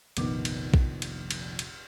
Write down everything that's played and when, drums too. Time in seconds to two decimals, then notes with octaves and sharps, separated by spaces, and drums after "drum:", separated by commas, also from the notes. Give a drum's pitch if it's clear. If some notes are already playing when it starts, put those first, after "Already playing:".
0.17 F1 A#1 D#3 B3 D6, drum: cymbal
0.45 drum: cymbal
0.74 drum: kick B1
1.02 drum: cymbal
1.31 drum: cymbal
1.59 drum: cymbal